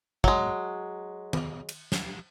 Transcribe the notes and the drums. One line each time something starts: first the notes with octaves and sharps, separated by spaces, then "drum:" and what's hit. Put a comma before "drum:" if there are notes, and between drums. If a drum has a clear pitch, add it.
F#3 G#3, drum: kick
drum: tom
drum: cymbal
drum: snare